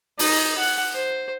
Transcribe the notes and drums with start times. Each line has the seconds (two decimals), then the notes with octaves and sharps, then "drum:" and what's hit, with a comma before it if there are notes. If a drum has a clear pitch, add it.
0.19 D#4, drum: open hi-hat
0.58 F#5
0.94 C5